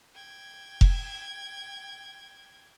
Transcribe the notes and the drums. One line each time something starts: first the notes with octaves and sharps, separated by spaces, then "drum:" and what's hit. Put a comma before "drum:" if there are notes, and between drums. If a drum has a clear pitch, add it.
G5 G#6
drum: kick F1